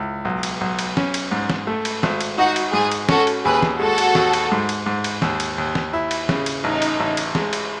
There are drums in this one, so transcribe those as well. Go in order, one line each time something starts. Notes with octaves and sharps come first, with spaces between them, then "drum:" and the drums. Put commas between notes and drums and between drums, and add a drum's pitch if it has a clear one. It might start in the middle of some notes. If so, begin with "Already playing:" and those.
Already playing: C#2 E4
B1
drum: cymbal
B1
drum: cymbal
C#4, drum: snare
drum: cymbal
G#2
drum: snare
A3
drum: cymbal
G#1, drum: snare
drum: cymbal
D#4 F#4
drum: cymbal
G#2 G#4
drum: cymbal
C#4 F#4 A4, drum: snare
drum: cymbal
D#2 G#4 B4
drum: snare
G#3 F#4 A4
drum: cymbal
D#2, drum: snare
drum: cymbal
G#2
drum: cymbal
G#2
drum: cymbal
D#2, drum: snare
drum: cymbal
D#2
drum: snare
E4
drum: cymbal
C#3, drum: snare
drum: cymbal
A1 D#4
drum: cymbal
A1
drum: cymbal
G#3, drum: snare
drum: cymbal